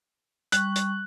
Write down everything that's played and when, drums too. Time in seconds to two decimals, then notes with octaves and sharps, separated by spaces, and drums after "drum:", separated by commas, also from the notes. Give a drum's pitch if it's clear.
0.52 G3 C#6 F#6, drum: hi-hat
0.76 drum: hi-hat